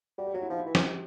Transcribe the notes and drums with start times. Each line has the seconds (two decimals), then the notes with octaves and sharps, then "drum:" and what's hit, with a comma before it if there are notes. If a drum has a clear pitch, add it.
0.18 G3 F#4
0.27 G4
0.34 F#3 F#4
0.42 E4
0.50 F3 D#4
0.59 E4
0.67 E3
0.75 F#4, drum: snare
0.83 G4